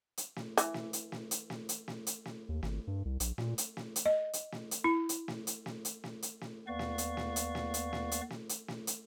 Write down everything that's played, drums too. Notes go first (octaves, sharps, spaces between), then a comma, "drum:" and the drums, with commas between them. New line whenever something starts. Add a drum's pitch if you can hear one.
drum: hi-hat
drum: snare
E3, drum: hi-hat
drum: snare
drum: hi-hat
drum: snare
drum: hi-hat
drum: snare
drum: hi-hat
drum: snare
drum: hi-hat
drum: snare
D#2
G#1, drum: snare
G2
C2
A#1, drum: hi-hat
A#2, drum: snare
drum: hi-hat
drum: snare
drum: hi-hat
D#5
drum: hi-hat
drum: snare
drum: hi-hat
E4
drum: hi-hat
drum: snare
drum: hi-hat
drum: snare
drum: hi-hat
drum: snare
drum: hi-hat
drum: snare
D#2 B3 B4 D5 F5 C#6
drum: snare
drum: hi-hat
drum: snare
drum: hi-hat
drum: snare
drum: hi-hat
drum: snare
drum: hi-hat
drum: snare
drum: hi-hat
drum: snare
drum: hi-hat